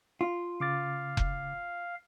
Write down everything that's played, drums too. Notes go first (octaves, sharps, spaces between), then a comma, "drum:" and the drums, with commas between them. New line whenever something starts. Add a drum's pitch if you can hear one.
F4
C#3 F5 D6 A6
drum: kick F1